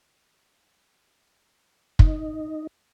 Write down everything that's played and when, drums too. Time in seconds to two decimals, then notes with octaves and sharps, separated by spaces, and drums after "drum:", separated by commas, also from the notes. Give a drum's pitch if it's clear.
1.99 D#4, drum: kick